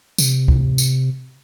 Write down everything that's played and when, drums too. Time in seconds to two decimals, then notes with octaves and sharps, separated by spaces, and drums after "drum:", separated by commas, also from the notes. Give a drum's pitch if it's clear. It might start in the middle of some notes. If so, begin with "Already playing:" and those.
0.18 C3, drum: tambourine
0.48 drum: kick
0.78 drum: tambourine